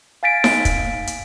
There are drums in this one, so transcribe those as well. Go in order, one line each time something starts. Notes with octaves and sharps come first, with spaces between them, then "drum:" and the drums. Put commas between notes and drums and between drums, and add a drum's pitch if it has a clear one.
F5 G#5 A6 B6 D7
drum: snare D#4
drum: kick, hi-hat
drum: hi-hat